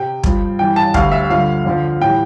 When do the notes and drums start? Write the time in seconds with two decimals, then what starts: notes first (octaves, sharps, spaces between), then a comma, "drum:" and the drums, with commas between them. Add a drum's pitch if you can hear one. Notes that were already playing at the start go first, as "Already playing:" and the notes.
Already playing: C3 G5
0.23 G2 F3, drum: kick
0.59 G2 E3 G3 G5
0.76 A5
0.94 D2 D3 G3 F5, drum: kick
1.12 E5
1.29 G2 D3 F3 F5
1.65 F2 D3 F3
2.00 A2 E3 G3 G5